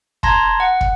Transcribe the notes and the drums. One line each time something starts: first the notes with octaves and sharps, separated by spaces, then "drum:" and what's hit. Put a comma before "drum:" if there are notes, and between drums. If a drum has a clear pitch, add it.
A5 A#5 C6 G#6 A#6, drum: kick
F#5
drum: kick